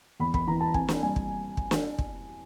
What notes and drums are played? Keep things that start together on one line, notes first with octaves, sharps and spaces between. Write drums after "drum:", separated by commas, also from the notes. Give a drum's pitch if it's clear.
E2 B5
B5, drum: kick
E3 A#5
A5
C4 G#5, drum: kick
drum: snare
G3 G#5
drum: kick
drum: kick
drum: snare
drum: kick